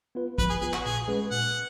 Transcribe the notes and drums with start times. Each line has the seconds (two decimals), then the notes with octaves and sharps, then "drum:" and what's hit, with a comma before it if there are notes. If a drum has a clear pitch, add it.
0.15 B3 F4 B4
0.38 F3 B4, drum: kick
0.50 G#4
0.61 B3 F4 G#4 B4
0.73 F#4, drum: clap
0.85 A#2 G#4
1.08 G#3 C#4 G#4 B4
1.31 A#2 F#5